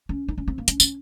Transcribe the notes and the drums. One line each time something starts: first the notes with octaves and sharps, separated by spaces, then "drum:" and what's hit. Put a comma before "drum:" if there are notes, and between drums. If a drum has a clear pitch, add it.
C#4
D#4
C#4
C4
A#3
C#4, drum: hi-hat
C#4, drum: tambourine